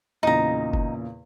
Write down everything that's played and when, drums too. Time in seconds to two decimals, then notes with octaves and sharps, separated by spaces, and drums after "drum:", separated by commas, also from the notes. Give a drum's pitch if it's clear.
0.23 E2 A#2 C#3 D#4 A#5
0.73 drum: kick F#1